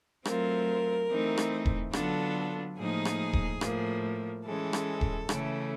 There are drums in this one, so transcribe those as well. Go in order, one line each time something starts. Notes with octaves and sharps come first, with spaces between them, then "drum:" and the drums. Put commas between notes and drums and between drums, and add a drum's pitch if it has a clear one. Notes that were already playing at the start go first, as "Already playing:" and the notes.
F#3 A3 C4 F4 A#4, drum: rim click
E3 A3 C4 D#4
drum: rim click
drum: kick D#1
D3 F#3 B3 D4 F4 A4, drum: rim click
A2 F3 A#3 D#4 G#4
drum: rim click
drum: kick D#1
A2 F3 A#3, drum: rim click
E3 G#3 C#4 A4
drum: rim click
drum: kick D#1
C#3 E3 A3 C#4, drum: rim click